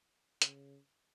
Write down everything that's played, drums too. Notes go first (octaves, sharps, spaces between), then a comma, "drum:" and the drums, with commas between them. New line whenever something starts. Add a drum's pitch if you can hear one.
C#3, drum: hi-hat